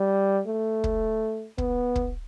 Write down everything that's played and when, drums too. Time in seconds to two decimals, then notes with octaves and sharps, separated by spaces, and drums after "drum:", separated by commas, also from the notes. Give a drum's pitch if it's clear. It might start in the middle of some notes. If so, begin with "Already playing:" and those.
Already playing: G3
0.47 A3
0.84 drum: kick
1.58 B3, drum: kick
1.96 drum: kick